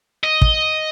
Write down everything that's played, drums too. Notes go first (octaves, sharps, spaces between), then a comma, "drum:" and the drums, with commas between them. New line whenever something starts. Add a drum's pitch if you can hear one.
D#5
drum: kick